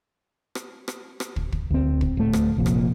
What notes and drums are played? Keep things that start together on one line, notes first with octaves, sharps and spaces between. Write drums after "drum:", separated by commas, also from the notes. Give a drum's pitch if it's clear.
drum: rim click
drum: rim click
drum: rim click
drum: kick
drum: kick
D2 C4
drum: kick
D1 A3
drum: rim click
F1 F2 A#2
drum: rim click